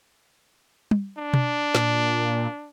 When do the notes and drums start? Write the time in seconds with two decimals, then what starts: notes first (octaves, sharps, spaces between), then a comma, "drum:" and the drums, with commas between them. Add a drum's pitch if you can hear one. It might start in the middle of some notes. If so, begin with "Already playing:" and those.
0.91 drum: tom
1.18 D4
1.34 drum: tom B2
1.75 A#2, drum: snare